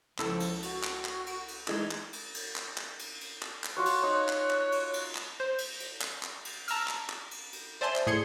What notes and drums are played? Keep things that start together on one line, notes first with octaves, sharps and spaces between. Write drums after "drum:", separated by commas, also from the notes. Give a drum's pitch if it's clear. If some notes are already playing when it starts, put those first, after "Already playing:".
C#2 F3 E4 A4, drum: clap
drum: cymbal
F#4, drum: cymbal
drum: clap
drum: clap
drum: cymbal
drum: cymbal
E3 G#3 D#4, drum: clap
drum: clap
drum: cymbal
drum: cymbal
drum: clap
drum: clap
drum: cymbal
drum: cymbal
drum: clap
drum: clap
F4 F#4 C#5 F#6
drum: cymbal
D#4 C#5
drum: clap
drum: clap
drum: cymbal
drum: cymbal
drum: clap
C5
drum: cymbal
drum: cymbal
drum: clap
drum: clap
drum: cymbal
A5 A#5 E6 F6, drum: cymbal
drum: clap
drum: clap
drum: cymbal
drum: cymbal
C5 D5 E5 G#5 A5 C6
drum: clap
A2 G#4 C6 G#6 C#7